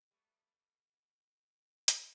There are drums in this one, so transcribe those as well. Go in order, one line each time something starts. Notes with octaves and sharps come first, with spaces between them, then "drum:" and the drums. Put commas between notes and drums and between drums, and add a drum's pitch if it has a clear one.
G3 A3 B3
drum: hi-hat